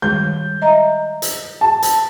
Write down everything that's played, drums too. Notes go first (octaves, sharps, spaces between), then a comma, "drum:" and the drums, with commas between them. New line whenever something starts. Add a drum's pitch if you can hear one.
D#3 G3 G#3 G6
D#5 E5 A#5
drum: hi-hat
A5
drum: hi-hat